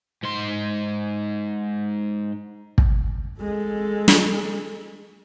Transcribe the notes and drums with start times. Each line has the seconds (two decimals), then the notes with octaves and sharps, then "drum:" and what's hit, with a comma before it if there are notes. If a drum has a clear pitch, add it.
0.23 G#2 C6
2.78 drum: kick
3.41 G#3 A4
4.08 drum: snare